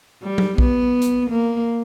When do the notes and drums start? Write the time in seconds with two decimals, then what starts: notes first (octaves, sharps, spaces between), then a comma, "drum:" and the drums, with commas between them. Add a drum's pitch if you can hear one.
0.22 G3
0.38 drum: tom F#3
0.58 B3, drum: kick B1
1.02 drum: hi-hat
1.30 A#3